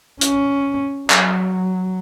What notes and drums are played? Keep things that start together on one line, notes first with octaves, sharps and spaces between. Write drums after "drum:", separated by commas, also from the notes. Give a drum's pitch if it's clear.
C#4, drum: hi-hat
F#3, drum: clap